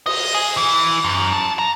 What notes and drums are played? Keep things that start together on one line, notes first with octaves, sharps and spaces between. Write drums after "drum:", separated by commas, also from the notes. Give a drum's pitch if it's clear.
D#5, drum: cymbal
G#4
E3
F#2
A5
A#5